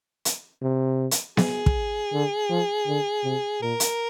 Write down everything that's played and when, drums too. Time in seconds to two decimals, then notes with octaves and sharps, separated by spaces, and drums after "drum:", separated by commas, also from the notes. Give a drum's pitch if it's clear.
0.25 drum: hi-hat
0.62 C3
1.11 drum: hi-hat
1.37 G#4, drum: snare B3
1.66 drum: kick
2.13 D3
2.50 F3
2.87 D3
3.24 C3
3.62 A#2 A#4
3.80 drum: hi-hat